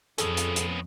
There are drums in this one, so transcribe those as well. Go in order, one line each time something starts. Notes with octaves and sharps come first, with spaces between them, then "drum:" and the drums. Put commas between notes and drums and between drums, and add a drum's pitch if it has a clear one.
F2 B3 C#4 G#4 A4, drum: hi-hat
drum: hi-hat
drum: hi-hat